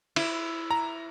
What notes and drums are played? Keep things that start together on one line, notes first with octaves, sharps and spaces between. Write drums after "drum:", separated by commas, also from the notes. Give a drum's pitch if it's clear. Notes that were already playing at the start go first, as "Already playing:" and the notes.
E4, drum: cymbal
A#5